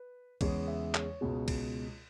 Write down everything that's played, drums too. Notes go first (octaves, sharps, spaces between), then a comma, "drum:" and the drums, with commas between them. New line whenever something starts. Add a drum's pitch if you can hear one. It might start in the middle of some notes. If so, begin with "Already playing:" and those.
Already playing: B4
E2 C#3 G#3 C#5, drum: kick, cymbal
E5
C#5, drum: clap
C#2 B2 G#3
drum: kick, cymbal